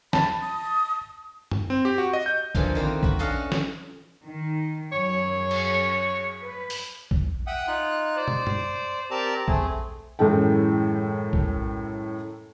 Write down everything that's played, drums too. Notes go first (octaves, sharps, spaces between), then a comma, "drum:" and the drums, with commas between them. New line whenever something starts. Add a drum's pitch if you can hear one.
A5 B5, drum: snare
D#6
drum: tom F#2
C4
G4
F#4
D#5
G6
A#2 D3 E3 F3, drum: kick A#1
D#3 A#3 C4 B4
F#4 B5, drum: kick A#1
C#4 D4 A4 D#5 F5 F#5
drum: snare
D#3
F#2 F#3 G#4 C#5
drum: cymbal
B4
drum: open hi-hat
drum: kick A#1
E5 F#5 G5 D#6
D#4 F4 F#6
C5 D5
drum: tom
drum: tom F#2
C4 G4 A#4 D5 A5 A#5
A3 C4 G#4, drum: kick A#1
F#2 A2 E3 G#3 A4 G5
drum: kick A#1